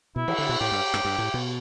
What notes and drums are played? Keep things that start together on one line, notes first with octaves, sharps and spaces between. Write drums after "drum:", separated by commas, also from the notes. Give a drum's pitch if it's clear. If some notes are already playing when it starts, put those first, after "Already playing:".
B2 E4
E3, drum: cymbal
D3
B2
A2 G4
G2
G2, drum: rim click
G2
A2
B2